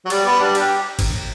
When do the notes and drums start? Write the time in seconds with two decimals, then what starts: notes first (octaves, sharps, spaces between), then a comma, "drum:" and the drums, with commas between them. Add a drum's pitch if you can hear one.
0.05 F#3
0.10 G3 D5, drum: cymbal
0.25 B3 D5
0.40 G3 D4
0.55 G4, drum: cymbal
0.99 drum: kick G1, cymbal